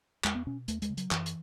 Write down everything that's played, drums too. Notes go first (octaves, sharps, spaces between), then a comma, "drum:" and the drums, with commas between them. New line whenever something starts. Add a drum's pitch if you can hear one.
E2 G#3, drum: clap
B3
B2 C#4
D#2 A3, drum: hi-hat
G#3, drum: hi-hat
C#3
F#3, drum: hi-hat
F#2 E3, drum: clap
drum: hi-hat